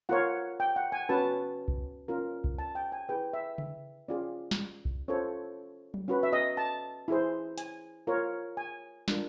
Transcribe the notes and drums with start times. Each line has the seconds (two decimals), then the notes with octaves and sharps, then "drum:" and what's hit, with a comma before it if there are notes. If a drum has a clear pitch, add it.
0.09 F4 A#4 C#5 F#5
0.60 G5
0.76 F#5
0.92 G#5
1.09 C#4 F#4 B4 A5
1.68 drum: kick C2
2.08 C#4 F4 A#4
2.44 drum: kick C2
2.59 A5
2.75 G5
2.92 G#5
3.09 E4 G#4 B4 G5
3.33 E5
3.58 E5, drum: tom C#3
4.08 C#4 F4 G#4 D5
4.51 drum: snare
4.85 drum: kick C2
5.08 C#4 F4 A4 C5 C#5
5.94 drum: tom F#3
6.08 C#4 F#4 B4
6.23 E5
6.33 D#5
6.57 A5
7.08 E4 G#4 C5
7.58 G#5, drum: hi-hat
8.07 F4 A#4 C#5
8.57 G#5
9.08 D4 F4 A#4, drum: snare